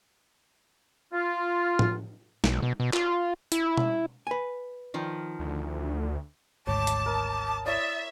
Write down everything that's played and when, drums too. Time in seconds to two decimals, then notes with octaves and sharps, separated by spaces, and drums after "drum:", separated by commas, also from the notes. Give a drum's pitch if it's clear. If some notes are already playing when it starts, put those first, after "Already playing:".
1.13 F4
1.79 drum: tom A2
2.44 B1, drum: snare
2.62 B2
2.80 B2
2.93 F4, drum: clap
3.52 E4, drum: hi-hat
3.77 drum: tom B2
4.27 B4 G#5
4.94 D#3 F3
5.39 D2
6.67 G#1 D2 G#2 C#5 A5 D6
6.87 drum: hi-hat
7.06 A#4 D#5
7.66 E4 C#5 D5 E5 D#6